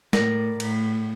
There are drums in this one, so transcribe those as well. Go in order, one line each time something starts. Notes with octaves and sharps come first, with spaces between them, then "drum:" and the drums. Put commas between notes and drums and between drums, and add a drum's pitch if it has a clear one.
A2 A#4 D5, drum: snare
A2, drum: cymbal